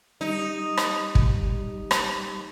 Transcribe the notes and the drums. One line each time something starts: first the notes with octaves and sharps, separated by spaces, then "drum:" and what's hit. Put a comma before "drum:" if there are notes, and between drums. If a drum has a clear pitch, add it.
G3 D#4
drum: rim click
drum: kick
drum: rim click